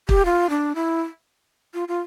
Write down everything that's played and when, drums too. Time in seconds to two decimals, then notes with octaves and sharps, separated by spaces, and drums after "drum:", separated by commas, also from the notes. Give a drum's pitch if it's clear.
0.09 G4, drum: kick
0.25 F4
0.50 D4
0.75 E4
1.74 F4
1.88 F4